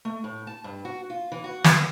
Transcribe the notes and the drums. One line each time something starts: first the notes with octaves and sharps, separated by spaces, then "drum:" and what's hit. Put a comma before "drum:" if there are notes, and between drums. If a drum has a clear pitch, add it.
A3
A2
A5
G2
F#4
F4
E3
F#4
B3, drum: snare